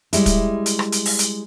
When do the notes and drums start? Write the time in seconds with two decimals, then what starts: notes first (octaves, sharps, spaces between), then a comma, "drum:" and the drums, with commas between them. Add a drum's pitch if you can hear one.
0.13 G3 G#3 E4, drum: hi-hat
0.26 drum: kick, hi-hat
0.66 drum: hi-hat
0.79 drum: rim click
0.92 drum: hi-hat
1.06 drum: open hi-hat
1.19 drum: hi-hat